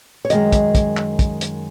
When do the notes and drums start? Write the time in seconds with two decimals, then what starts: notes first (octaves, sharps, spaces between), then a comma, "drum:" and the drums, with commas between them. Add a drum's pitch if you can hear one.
0.25 C#5
0.30 F#2 D#3 G#3 D#5, drum: hi-hat
0.52 drum: kick, hi-hat
0.75 drum: kick, hi-hat
0.97 drum: clap
1.19 drum: kick, hi-hat
1.41 drum: hi-hat